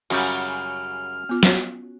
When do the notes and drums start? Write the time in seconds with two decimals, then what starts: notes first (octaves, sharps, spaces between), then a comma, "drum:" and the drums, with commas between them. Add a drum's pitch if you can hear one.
0.10 F#2 C#3 G3 C#4 F#4 F6, drum: cymbal
1.29 B3 F4
1.43 drum: snare